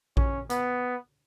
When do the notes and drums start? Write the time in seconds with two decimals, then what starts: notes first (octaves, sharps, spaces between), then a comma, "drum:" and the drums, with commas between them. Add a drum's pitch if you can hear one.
0.17 C#4, drum: kick A#1
0.50 B3, drum: hi-hat